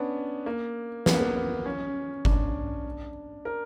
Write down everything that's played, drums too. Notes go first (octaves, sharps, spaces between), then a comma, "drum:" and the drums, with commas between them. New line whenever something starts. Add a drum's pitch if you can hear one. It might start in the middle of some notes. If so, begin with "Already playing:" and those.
Already playing: B3 C#4 D4
A#3
B3, drum: snare
A#3
B3
B3
C#4
D4, drum: kick G1
A#4